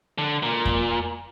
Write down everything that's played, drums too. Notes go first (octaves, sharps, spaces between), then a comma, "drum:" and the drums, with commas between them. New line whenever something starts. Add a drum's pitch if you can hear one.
D3
A#2
drum: kick F2